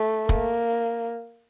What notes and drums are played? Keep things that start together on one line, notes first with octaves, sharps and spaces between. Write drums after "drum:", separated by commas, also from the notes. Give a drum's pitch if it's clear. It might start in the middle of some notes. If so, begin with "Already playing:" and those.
Already playing: A3
A#3, drum: kick